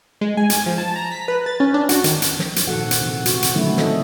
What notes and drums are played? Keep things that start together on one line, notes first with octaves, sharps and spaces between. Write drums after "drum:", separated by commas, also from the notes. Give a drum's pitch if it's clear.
G#3
G#5
drum: hi-hat
F3
A5
A#5
B6
B4
A6
C#4
D4
F#4, drum: hi-hat
D#3, drum: hi-hat
drum: hi-hat
drum: snare
drum: hi-hat
A#2 D#3 F3 F#4 A4 F#5
drum: hi-hat
C3 E3
F#4, drum: hi-hat
drum: hi-hat
D3 D#3 F#3 A3 C#4 E4
C4 A4 D#5, drum: snare